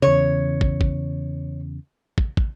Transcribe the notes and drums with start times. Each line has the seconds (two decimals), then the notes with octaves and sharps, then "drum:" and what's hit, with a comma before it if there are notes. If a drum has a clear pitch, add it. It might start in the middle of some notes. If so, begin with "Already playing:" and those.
0.02 E2 C#3 C#5
0.61 drum: kick
0.81 drum: kick
2.18 drum: kick
2.37 drum: kick